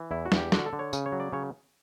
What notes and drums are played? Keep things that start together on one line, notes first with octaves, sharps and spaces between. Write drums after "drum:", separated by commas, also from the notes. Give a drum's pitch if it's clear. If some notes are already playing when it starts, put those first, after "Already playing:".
Already playing: E3
E2 E4
F#4
E2, drum: snare
G4
D3 F#4, drum: snare
A4
D3
C#5
C#3, drum: tambourine
C#5
F#3
D5
C#3 C#5